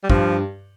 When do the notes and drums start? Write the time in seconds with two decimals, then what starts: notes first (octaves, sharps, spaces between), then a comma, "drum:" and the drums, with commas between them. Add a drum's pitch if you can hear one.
0.03 G3
0.10 G2 F3, drum: kick